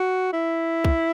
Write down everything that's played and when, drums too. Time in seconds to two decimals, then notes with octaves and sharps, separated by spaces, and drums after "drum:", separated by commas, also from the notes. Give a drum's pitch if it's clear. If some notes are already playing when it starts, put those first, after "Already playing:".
Already playing: F#4
0.33 E4
0.84 drum: kick